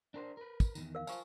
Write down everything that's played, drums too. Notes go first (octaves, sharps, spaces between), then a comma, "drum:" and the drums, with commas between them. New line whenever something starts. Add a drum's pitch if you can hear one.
D4 A#4 C5
A#4 B4
drum: kick, tambourine
E2 A#2 D#3, drum: tambourine
A#4 F5
F4 C5 F5 G#5 A#5 C#6, drum: tambourine